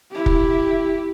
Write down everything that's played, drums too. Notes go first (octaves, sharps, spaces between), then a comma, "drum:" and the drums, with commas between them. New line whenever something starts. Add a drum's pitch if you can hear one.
E4 G4
drum: kick